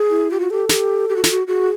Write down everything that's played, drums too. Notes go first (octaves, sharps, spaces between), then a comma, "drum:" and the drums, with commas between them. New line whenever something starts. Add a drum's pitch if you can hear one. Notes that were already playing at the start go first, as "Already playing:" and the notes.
Already playing: G#4
E4
F4 G4
F#4
G4 A4
G#4, drum: snare
G4
G4
F#4
F4, drum: snare
F#4
F#4 G#4